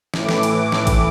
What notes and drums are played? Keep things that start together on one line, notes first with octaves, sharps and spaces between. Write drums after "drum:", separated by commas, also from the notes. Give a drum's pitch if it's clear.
A2 E3 D6, drum: snare
drum: snare
drum: cymbal
drum: snare
drum: kick A1, cymbal